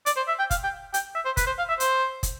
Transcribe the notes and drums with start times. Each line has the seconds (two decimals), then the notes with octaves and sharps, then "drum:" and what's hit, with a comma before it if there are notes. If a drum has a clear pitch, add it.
0.06 D5, drum: hi-hat
0.17 C5
0.28 E5
0.39 G5
0.51 F5, drum: kick, hi-hat
0.64 G5
0.94 G5, drum: hi-hat
1.15 E5
1.26 C5
1.37 B4, drum: kick, hi-hat
1.47 C5
1.58 F5
1.69 E5
1.80 C5, drum: hi-hat
2.23 drum: kick, hi-hat